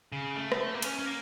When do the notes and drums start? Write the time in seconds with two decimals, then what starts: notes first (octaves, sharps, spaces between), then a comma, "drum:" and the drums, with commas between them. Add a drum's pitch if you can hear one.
0.12 C#3
0.36 A3
0.52 drum: rim click
0.74 A#3
0.82 C#4, drum: cymbal
0.99 C#4
1.06 A#3